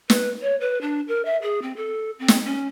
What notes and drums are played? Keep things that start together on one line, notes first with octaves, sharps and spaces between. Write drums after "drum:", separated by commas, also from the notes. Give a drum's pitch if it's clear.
B4, drum: snare
C#5
B4
D4
A#4
E5
G#4
C4
A4
C4
drum: snare
C#4